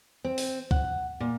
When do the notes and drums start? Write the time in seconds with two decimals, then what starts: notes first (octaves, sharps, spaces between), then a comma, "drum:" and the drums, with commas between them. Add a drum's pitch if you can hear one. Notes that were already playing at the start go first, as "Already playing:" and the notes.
0.24 C4
0.38 drum: open hi-hat
0.71 F#5, drum: kick
1.20 A#2